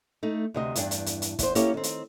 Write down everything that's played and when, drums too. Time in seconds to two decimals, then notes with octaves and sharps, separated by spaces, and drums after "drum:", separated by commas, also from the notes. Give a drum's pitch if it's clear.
0.23 A3 D#4
0.54 D2 C3 D#5
0.75 E2 G2 D4 G5, drum: hi-hat
0.91 drum: hi-hat
1.06 drum: hi-hat
1.22 drum: hi-hat
1.39 E2 C5, drum: kick, hi-hat
1.55 A#3 C#4 E4 G4 A4 C#5, drum: hi-hat
1.74 D#3 C4
1.83 drum: hi-hat